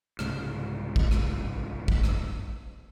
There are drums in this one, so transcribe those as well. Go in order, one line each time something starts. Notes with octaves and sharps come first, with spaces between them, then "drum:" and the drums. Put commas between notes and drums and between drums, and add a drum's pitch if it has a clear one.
C2 G#2 C#3, drum: rim click
drum: kick
drum: rim click
drum: kick
drum: rim click